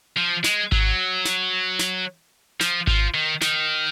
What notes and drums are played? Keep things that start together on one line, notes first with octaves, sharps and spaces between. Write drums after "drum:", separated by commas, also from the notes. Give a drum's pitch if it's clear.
F3
G#3, drum: snare
F#3, drum: kick G#1
drum: snare
drum: snare
F3, drum: snare
F3, drum: kick G#1
D#3
D#3, drum: snare